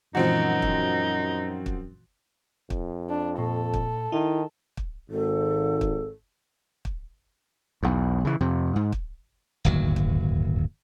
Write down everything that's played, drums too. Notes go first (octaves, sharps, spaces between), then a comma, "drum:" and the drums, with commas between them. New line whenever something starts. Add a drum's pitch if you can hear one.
F#2 A#2 E3 F3 G#3 C4 D#4 F#4
drum: kick
drum: kick
F2, drum: kick
D4
A#2 A4
drum: kick
D#3 E4
drum: kick
G#1 G#2 A4
drum: kick
drum: kick
B1 E2
C#3 E3
F2 C3
G#2
drum: kick
D1 G1 D#2 F#3
drum: kick